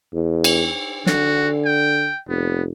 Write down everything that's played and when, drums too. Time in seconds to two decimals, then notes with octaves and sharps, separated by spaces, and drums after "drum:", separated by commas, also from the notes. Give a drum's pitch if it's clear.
0.14 E2
0.44 drum: cymbal
1.06 D3 F#4, drum: snare
1.65 G5
2.28 F1 B3